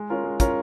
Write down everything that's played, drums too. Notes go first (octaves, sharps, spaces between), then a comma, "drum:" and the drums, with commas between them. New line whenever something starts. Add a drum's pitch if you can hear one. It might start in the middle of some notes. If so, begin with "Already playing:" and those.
Already playing: G#3
C#4 F4 A#4
G#3
C#4 F4 A#4, drum: kick, hi-hat